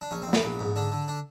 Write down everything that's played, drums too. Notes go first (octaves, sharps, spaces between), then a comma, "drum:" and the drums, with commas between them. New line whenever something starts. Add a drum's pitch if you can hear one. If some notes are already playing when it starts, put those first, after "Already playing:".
D4
A#1 C#4
C4
A#1
B3, drum: snare
A#1
G#2
D3 D4
D3
D4